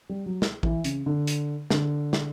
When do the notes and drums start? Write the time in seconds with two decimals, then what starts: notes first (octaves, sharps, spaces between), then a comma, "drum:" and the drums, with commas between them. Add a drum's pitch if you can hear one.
0.09 G3
0.26 F#3
0.42 drum: snare
0.63 E3, drum: kick A1
0.84 C#3, drum: hi-hat
1.06 D3
1.27 drum: hi-hat
1.70 D3, drum: snare
2.13 drum: snare